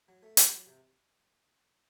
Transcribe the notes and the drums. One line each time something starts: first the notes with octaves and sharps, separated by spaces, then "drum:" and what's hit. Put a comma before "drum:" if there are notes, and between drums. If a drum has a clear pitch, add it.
F#3
A3
F#3, drum: hi-hat
F#3
C3